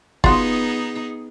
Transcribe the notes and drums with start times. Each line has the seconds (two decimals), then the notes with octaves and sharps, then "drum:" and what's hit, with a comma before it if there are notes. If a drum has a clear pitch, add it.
0.24 B3 D#4 F4 F#4 G#4, drum: kick